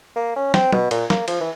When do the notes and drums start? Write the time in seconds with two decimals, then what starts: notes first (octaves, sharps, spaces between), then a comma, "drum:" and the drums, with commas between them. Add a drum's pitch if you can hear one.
0.16 A#3
0.36 C#4
0.54 C4, drum: snare
0.72 B2, drum: tom
0.91 A#2, drum: cymbal
1.10 A#3, drum: snare
1.28 F3, drum: cymbal
1.40 E3